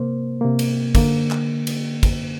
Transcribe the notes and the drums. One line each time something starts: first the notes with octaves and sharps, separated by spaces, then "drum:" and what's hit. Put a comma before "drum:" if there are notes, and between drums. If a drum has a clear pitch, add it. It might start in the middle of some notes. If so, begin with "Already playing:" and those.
Already playing: C3 A#3 C5
C3 A#3
drum: cymbal
D3 A#3, drum: kick, cymbal
drum: clap
drum: cymbal
drum: kick, cymbal